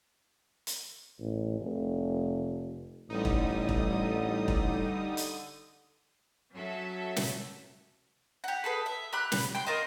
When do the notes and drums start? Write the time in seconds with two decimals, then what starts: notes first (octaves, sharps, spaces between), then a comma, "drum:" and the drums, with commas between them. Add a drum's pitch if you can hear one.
0.67 drum: hi-hat
1.20 A1
1.60 F1
3.10 A1 D3 G3 D#4 D#6
3.25 drum: kick
3.69 drum: kick
4.48 drum: kick
5.17 drum: hi-hat
6.53 F#3 C#4 F#4 A4 E5
7.16 drum: snare
8.44 G4 F#5
8.64 G#4 A4 B4
8.86 E5
9.13 G4 B5 F#6
9.32 drum: snare
9.55 G5 C6
9.66 F4 A#4 C5 D#5